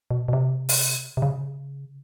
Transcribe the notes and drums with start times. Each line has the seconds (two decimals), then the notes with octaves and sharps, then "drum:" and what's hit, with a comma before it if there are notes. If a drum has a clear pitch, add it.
0.11 B2
0.28 B2
0.33 C3
0.69 drum: open hi-hat
1.17 C3
1.22 C#3